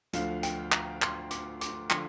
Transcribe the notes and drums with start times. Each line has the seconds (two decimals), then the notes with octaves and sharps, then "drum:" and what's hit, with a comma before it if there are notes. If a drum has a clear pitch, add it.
0.13 D2 D3 F3 F5, drum: hi-hat
0.43 G5, drum: hi-hat
0.72 A#5, drum: clap
1.02 C6, drum: clap
1.31 D6, drum: hi-hat
1.61 D6, drum: hi-hat
1.90 D3 F3 C6, drum: clap